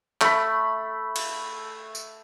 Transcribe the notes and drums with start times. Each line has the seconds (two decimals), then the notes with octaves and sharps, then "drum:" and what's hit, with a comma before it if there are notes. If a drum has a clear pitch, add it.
0.21 A3 B5, drum: clap
1.16 drum: cymbal
1.95 drum: tambourine